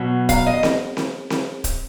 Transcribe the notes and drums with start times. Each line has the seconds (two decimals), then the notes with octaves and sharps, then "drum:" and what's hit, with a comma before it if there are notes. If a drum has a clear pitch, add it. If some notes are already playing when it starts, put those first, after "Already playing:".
Already playing: B2 F#3
0.29 F5, drum: kick D1, hi-hat
0.46 D#5
0.63 drum: snare C4
0.97 drum: snare C4
1.30 drum: snare C4
1.64 drum: kick D1, hi-hat